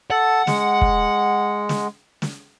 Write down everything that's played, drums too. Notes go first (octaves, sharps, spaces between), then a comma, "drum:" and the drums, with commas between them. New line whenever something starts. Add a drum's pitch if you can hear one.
A4 F#5 A5
G#3, drum: snare
drum: kick
drum: snare
drum: snare